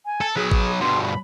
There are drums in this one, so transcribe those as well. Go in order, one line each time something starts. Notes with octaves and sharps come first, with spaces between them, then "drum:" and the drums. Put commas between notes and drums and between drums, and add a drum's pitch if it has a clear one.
G#5
A4
F#3 G#4 B4
drum: kick G#1
G2 B2 C6
B5